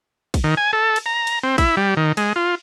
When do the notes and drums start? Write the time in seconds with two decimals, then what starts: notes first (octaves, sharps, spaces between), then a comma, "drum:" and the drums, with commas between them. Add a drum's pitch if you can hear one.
0.34 drum: kick, cymbal
0.44 D#3
0.57 G#5
0.73 A4
0.96 drum: cymbal
1.06 A#5
1.27 drum: cymbal
1.43 C4
1.58 E4, drum: kick, cymbal
1.77 G3
1.97 D#3
2.17 G#3, drum: cymbal
2.36 F4